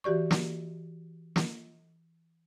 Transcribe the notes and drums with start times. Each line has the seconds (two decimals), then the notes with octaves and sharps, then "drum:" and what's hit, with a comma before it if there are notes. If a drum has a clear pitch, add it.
0.04 E3 F#4 G4 D5 C#6
0.31 drum: snare
1.36 drum: snare